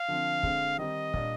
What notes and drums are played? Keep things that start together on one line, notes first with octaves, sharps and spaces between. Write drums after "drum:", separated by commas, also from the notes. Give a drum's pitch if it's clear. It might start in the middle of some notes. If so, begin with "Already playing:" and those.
Already playing: F5
D3 F3 C4
D3 G#3 C4, drum: kick
D#3 G3 C4 D#4 D#5
A#2 G3 D4, drum: kick